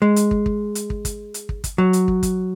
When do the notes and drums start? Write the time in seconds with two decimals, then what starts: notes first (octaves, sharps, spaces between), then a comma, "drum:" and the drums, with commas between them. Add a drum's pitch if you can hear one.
0.02 G#3
0.16 drum: hi-hat
0.31 drum: kick
0.46 drum: kick
0.75 drum: hi-hat
0.90 drum: kick
1.05 drum: kick, hi-hat
1.34 drum: hi-hat
1.49 drum: kick
1.64 drum: kick, hi-hat
1.78 F#3
1.93 drum: hi-hat
2.08 drum: kick
2.23 drum: kick, hi-hat